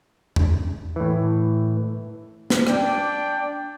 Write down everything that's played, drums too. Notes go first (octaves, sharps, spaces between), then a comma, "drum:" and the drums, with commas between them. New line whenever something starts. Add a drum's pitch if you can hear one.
drum: tom E2
A2 E3
drum: snare
D4 D5 G5, drum: rim click